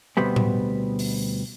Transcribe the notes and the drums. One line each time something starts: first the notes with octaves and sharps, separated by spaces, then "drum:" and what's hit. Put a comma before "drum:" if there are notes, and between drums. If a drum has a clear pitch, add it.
D2 B2 G3 B3 C4
drum: tom A2
drum: open hi-hat